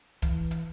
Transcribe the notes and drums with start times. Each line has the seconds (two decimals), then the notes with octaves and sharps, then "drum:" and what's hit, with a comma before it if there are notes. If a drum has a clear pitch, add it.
0.22 E3, drum: kick, hi-hat
0.51 drum: hi-hat